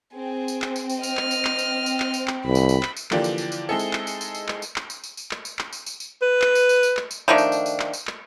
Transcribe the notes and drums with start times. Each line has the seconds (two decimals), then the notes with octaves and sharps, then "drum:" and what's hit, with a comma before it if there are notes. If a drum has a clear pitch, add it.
0.15 C4 G#4
0.48 drum: tambourine
0.62 drum: clap
0.76 drum: tambourine
0.90 drum: tambourine
1.03 D#5 F6, drum: tambourine
1.17 drum: clap
1.31 drum: tambourine
1.45 drum: clap
1.59 drum: tambourine
1.86 drum: tambourine
2.00 drum: clap
2.14 drum: tambourine
2.28 drum: clap
2.46 C2 B5
2.55 drum: tambourine
2.69 drum: tambourine
2.83 drum: clap
2.97 drum: tambourine
3.11 D3 E3 F3 A#3 D4 G4, drum: clap
3.24 drum: tambourine
3.38 drum: tambourine
3.52 drum: tambourine
3.69 G#3 C4 D#4 E4 G#4 A4
3.79 drum: tambourine
3.93 drum: clap
4.07 drum: tambourine
4.21 drum: tambourine
4.35 drum: tambourine
4.48 drum: clap
4.62 drum: tambourine
4.76 drum: clap
4.90 drum: tambourine
5.04 drum: tambourine
5.17 drum: tambourine
5.31 drum: clap
5.45 drum: tambourine
5.59 drum: clap
5.73 drum: tambourine
5.86 drum: tambourine
6.00 drum: tambourine
6.22 B4
6.42 drum: clap
6.55 drum: tambourine
6.69 drum: tambourine
6.83 drum: tambourine
6.97 drum: clap
7.11 drum: tambourine
7.28 D#3 F3 A3 D4
7.38 drum: tambourine
7.52 drum: tambourine
7.66 drum: tambourine
7.80 drum: clap
7.93 drum: tambourine
8.07 drum: clap